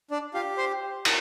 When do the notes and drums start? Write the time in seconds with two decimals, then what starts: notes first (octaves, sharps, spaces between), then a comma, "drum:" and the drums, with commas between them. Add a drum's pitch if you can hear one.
0.11 D4 D5
0.34 F4 G4 F5
0.57 C5 C6
1.05 drum: cymbal